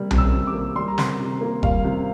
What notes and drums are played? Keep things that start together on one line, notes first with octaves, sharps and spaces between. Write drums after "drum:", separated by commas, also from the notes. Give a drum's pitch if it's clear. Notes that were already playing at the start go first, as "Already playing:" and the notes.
Already playing: C3 G3 A#3
C3, drum: tom B1
E6
C3
D6
A#3
G3 C6
A#5
C3 C6, drum: snare
C3
A#3
G3 F5, drum: kick F1
C3